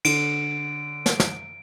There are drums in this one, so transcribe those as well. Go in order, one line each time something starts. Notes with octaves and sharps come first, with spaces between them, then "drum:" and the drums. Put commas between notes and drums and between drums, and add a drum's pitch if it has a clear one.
D3 D7, drum: cymbal
drum: snare
drum: snare